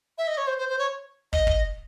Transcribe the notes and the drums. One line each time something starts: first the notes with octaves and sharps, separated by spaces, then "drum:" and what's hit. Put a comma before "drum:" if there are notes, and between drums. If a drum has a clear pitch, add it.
E5
D#5
C#5
C5
C5
C5
C#5
D#5, drum: kick
drum: kick